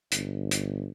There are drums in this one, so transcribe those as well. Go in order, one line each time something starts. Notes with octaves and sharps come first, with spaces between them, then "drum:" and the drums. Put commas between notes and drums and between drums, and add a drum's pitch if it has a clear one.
G1, drum: hi-hat
drum: hi-hat